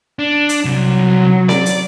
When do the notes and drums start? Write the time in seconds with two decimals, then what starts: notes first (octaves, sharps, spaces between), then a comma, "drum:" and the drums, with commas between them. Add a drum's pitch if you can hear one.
0.19 D4
0.49 drum: hi-hat
0.65 C2 C3 F#3
1.49 D5, drum: snare C4
1.66 drum: hi-hat